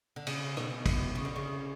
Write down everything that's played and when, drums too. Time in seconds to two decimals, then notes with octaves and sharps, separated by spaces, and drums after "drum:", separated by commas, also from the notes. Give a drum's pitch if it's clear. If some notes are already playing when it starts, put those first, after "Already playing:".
0.16 D3
0.27 C#3, drum: cymbal
0.57 B2, drum: rim click
0.86 drum: kick, cymbal
1.15 C#3
1.25 D3
1.36 C#3